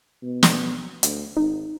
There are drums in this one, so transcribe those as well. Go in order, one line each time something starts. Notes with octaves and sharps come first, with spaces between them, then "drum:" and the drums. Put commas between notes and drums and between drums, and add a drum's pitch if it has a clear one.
B2
drum: snare
D2, drum: hi-hat
G#1 D#4